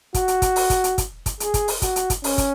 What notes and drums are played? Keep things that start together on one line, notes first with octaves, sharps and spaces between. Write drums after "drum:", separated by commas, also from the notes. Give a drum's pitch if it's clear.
F#4, drum: kick, hi-hat
drum: hi-hat
drum: kick, hi-hat
drum: open hi-hat
drum: kick, hi-hat
drum: hi-hat
drum: kick, hi-hat
drum: kick, hi-hat
G#4, drum: hi-hat
drum: kick, hi-hat
drum: open hi-hat
F#4, drum: kick, hi-hat
drum: hi-hat
drum: kick, hi-hat
C#4, drum: open hi-hat
drum: kick, hi-hat